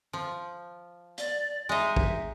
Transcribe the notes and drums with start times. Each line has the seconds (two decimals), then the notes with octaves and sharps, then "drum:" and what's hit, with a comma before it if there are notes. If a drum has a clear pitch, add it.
0.13 F3
1.18 D5, drum: hi-hat
1.69 G#3 D#4 E5
1.96 drum: kick